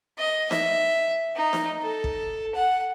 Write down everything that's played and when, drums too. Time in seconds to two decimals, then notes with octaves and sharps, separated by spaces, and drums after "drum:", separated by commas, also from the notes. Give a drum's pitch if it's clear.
0.18 D#5
0.51 E5, drum: snare D#4
1.36 D#4
1.53 drum: snare D#4
1.82 A4
2.04 drum: kick
2.55 F#5